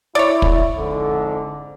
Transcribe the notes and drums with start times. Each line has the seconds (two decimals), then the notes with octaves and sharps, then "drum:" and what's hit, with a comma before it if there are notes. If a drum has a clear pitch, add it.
0.15 E4 C#5 D5
0.42 drum: kick
0.77 F2 G#2 D3